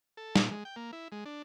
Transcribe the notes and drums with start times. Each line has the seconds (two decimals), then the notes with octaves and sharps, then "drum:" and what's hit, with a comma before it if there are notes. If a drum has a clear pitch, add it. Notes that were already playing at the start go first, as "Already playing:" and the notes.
0.17 A4
0.36 A#2, drum: snare
0.51 G#3
0.65 G5
0.76 A#3
0.93 E4
1.12 G#3
1.25 D4